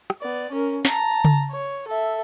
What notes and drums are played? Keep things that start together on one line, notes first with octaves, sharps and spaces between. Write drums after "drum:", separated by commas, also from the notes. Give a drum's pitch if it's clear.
drum: rim click
B3 D5
C#4 A#4
A5 A#5, drum: snare
drum: tom C#3
C#5
A4 E5